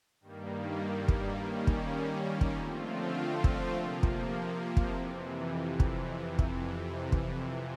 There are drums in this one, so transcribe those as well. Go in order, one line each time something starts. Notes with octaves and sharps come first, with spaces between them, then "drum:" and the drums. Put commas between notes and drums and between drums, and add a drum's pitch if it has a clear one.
G2 D#3 G3 A#3
drum: kick
D#3 G3 A#3 C#4
drum: kick
drum: kick
D3 F3 A3 C4 F4
drum: kick
C3 F3 A#3
drum: kick
drum: kick
F2 C3 E3
drum: kick
drum: kick
drum: kick